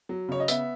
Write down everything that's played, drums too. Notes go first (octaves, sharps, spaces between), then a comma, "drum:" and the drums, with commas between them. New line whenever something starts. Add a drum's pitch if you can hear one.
F#3
C#3 C#5
D#5
B3 E5, drum: tambourine